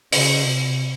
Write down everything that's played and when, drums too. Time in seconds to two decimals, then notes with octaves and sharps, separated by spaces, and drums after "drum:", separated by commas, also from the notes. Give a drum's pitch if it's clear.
0.12 C#3, drum: open hi-hat
0.43 C3